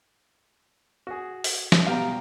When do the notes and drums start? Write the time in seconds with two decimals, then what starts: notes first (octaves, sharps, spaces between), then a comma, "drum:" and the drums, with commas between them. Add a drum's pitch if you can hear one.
1.07 F#4 G#4
1.44 drum: open hi-hat
1.72 drum: snare
1.87 B2 G3 G4 F5 A#5